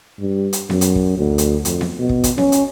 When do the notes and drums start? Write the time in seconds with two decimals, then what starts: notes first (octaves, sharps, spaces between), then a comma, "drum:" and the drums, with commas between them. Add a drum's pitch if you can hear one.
0.20 G2
0.53 drum: hi-hat
0.70 F#2, drum: snare B3
0.81 drum: hi-hat
0.95 drum: kick
1.18 D2
1.38 drum: hi-hat
1.65 F2, drum: hi-hat
1.81 drum: snare B3
1.99 B2
2.09 drum: kick
2.24 drum: kick, hi-hat
2.38 C#4, drum: snare B3
2.52 drum: hi-hat